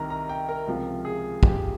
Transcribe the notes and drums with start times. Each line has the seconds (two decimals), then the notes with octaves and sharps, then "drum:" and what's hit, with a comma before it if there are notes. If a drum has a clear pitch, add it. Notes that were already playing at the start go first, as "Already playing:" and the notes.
Already playing: C2 C3 D#3 A#5
0.10 A#5
0.29 G5
0.49 A#4
0.67 C#2 C3 F3
1.05 G#4
1.43 G4, drum: kick